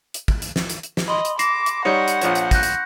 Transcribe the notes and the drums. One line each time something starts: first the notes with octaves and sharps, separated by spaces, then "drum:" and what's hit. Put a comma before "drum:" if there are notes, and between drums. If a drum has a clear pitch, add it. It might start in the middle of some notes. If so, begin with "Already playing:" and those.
drum: hi-hat
drum: kick
drum: hi-hat
drum: snare
drum: hi-hat
drum: hi-hat
drum: snare
D#5 B5 C6
drum: hi-hat
D6 A#6 C7 E7, drum: hi-hat
drum: hi-hat
G3 D#4 C#5 F#5 C#6 G6 C#7
drum: hi-hat
A#1 F3 C#5, drum: hi-hat
drum: hi-hat
F#6 G6 A#6, drum: kick, hi-hat
drum: hi-hat